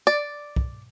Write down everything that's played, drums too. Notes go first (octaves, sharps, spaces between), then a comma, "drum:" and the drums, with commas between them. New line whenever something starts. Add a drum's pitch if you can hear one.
D5
drum: kick